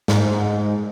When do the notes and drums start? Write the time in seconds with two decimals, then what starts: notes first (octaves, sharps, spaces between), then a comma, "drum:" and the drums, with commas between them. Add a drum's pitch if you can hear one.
0.08 G#2, drum: snare